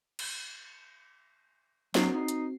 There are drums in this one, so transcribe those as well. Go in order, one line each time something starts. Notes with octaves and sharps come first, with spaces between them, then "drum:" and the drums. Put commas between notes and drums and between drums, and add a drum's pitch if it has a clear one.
drum: cymbal
F#3 C4 F#4 C7, drum: snare
D#4
drum: hi-hat